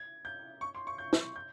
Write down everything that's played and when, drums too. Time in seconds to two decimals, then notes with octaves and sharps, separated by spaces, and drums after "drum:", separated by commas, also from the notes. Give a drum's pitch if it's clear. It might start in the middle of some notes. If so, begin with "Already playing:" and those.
Already playing: G#6
0.25 G6
0.61 C#6
0.75 C6
0.87 C#6
0.98 G6
1.13 drum: snare
1.36 G6